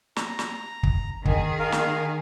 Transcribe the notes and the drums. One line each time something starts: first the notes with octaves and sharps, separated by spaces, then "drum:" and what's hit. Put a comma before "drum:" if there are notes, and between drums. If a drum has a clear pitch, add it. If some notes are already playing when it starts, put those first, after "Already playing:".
A#5, drum: snare
drum: snare
drum: kick
D#3 G#4, drum: kick
A#4 F5
drum: snare